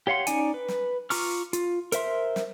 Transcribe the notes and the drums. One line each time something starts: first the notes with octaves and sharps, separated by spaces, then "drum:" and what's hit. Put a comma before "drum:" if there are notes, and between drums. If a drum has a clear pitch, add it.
G4 C#5 F5 F#5 C6
C#4 D#4 D5 G#5, drum: hi-hat
B4
drum: snare
F4 A#5 C#6 D6 F6, drum: open hi-hat
F4, drum: hi-hat
A#4 C5 E5 C6, drum: hi-hat
drum: snare